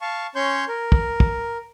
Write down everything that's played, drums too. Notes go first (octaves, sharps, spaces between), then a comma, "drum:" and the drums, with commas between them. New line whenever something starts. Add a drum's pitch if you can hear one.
F5 A5 C#6
C#4 C#5 C6 C#6 G6
A#4
drum: kick
drum: kick